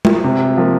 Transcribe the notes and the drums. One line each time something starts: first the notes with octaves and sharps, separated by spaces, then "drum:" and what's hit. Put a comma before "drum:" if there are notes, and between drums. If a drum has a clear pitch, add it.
drum: tom G#3
C3
F3 A#3